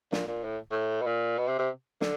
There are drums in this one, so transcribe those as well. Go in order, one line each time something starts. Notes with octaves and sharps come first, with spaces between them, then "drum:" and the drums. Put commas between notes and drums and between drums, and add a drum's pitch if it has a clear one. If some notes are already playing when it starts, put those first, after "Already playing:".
A#2, drum: snare
A#2
A2
A2
B2
A#2
B2
C3
C3
D3, drum: snare